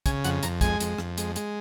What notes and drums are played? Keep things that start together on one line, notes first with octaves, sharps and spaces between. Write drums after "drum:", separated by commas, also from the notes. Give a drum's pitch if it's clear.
C#3 G#5, drum: kick, hi-hat
F2 F#5, drum: hi-hat
F2 A#5, drum: hi-hat
G#3 G#5, drum: kick, hi-hat
F2, drum: hi-hat
F2, drum: rim click
G#3, drum: hi-hat
G#3, drum: hi-hat